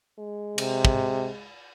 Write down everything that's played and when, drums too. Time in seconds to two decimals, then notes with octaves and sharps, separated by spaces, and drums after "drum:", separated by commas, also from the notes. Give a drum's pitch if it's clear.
0.19 G#3
0.58 C3, drum: cymbal
0.85 drum: kick